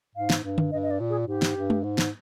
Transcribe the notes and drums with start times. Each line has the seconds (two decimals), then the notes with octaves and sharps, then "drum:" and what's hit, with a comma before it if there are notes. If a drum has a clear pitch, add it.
0.15 G#2 F5
0.30 drum: snare
0.44 G2
0.58 drum: tom D3
0.72 G2 D#5
0.83 D#5
0.91 D5
1.00 A#2
1.10 G#4
1.27 G#2 G4
1.42 drum: snare
1.56 G2
1.70 drum: tom G#3
1.84 G#2
1.98 drum: snare